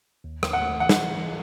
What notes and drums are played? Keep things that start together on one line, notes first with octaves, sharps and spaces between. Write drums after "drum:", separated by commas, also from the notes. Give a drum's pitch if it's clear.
D#2
D#2, drum: rim click
F#5
A3
E3 F#5
drum: snare
E3